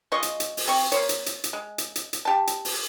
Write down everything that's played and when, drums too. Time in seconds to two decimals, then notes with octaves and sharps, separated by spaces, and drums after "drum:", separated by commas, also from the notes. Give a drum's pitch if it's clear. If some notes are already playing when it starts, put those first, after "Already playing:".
0.12 G#3 F4 D#5 C#6
0.23 drum: hi-hat
0.40 drum: hi-hat
0.57 drum: open hi-hat
0.68 C4 C#6
0.92 A#3 C5 C#5, drum: hi-hat
1.09 drum: hi-hat
1.26 drum: hi-hat
1.44 drum: hi-hat
1.53 G#3
1.78 drum: hi-hat
1.96 drum: hi-hat
2.13 drum: hi-hat
2.25 G4 A5
2.47 drum: hi-hat
2.65 drum: open hi-hat